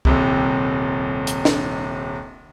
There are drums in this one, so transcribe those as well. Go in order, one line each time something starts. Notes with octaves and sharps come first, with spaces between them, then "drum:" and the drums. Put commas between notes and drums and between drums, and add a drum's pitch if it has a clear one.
D#1 C2 C3, drum: kick C2
drum: hi-hat
drum: snare